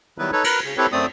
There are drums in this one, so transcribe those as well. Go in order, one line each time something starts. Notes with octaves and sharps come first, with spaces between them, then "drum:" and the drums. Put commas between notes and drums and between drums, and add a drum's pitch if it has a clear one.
D#3 F#3 G3 B3 E4 B4
D#4 A4 B4 C#5
A#4 B4, drum: cymbal
C#3
C4 E4 G4 A4 B4 C#5
F#2 A3 C4 D5 D#6